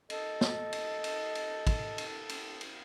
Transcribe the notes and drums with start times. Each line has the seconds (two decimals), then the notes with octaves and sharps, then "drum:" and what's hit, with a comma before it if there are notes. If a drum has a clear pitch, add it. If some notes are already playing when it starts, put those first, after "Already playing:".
0.10 A4 D#5, drum: cymbal
0.41 drum: snare
0.73 drum: cymbal
1.04 drum: cymbal
1.35 drum: cymbal
1.67 drum: kick, cymbal
1.98 drum: cymbal
2.29 drum: cymbal
2.61 drum: cymbal